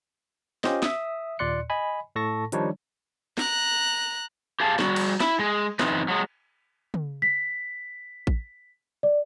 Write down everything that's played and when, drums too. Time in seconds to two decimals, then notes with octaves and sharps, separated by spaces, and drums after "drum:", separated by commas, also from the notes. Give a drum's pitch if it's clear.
0.64 C#4 F4 G4 C5 D#5, drum: snare
0.83 E5 D#6, drum: snare
1.39 D#2 A#2 D5 C6 F#6 C#7
1.70 D#5 G#5 B5
2.16 A2 A4 A5 C#6 A#6
2.52 D#3 F3 G3 D4 D#4 C#5, drum: hi-hat
3.38 A#5 F#6, drum: snare
4.60 G4 G#4 F5 A5
4.79 G3 F#4, drum: snare
4.96 drum: cymbal
5.20 E4, drum: snare
5.39 G#3
5.80 F#2 E3 C4 D#4 B4, drum: snare
6.08 F#3 G#3
6.94 drum: tom
7.22 B6
8.27 drum: kick A1
9.03 D5